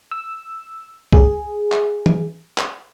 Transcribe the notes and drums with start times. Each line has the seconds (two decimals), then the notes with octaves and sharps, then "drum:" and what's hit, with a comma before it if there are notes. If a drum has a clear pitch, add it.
0.11 E6
1.13 G#4, drum: kick C2
1.72 drum: clap
2.06 drum: tom
2.58 drum: clap